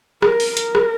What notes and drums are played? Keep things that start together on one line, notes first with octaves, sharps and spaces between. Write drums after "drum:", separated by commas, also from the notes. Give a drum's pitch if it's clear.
A#4, drum: rim click
drum: open hi-hat
A#4, drum: hi-hat
drum: rim click